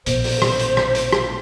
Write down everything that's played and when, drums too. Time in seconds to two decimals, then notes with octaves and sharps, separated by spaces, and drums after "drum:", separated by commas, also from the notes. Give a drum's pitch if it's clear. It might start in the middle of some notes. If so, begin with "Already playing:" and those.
0.06 A#1 B2 C5, drum: hi-hat
0.24 drum: open hi-hat
0.42 drum: rim click
0.59 drum: hi-hat
0.77 drum: rim click
0.95 drum: hi-hat
1.13 drum: rim click